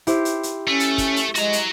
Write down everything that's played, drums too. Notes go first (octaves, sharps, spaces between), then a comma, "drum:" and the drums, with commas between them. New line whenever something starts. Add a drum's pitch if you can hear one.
E4 G4 C5, drum: hi-hat
drum: hi-hat
drum: hi-hat
A3 C#4
drum: hi-hat
drum: kick, hi-hat
drum: hi-hat
G#3 F#4 A#5, drum: hi-hat
drum: hi-hat